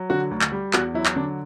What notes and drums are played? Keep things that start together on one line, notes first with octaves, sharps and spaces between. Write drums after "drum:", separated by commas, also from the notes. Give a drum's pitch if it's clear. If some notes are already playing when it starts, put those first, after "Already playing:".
Already playing: F#3
D3 F#4
D2
drum: clap
G3
E2 F#4, drum: clap
F#3 E4
drum: clap
D3 D4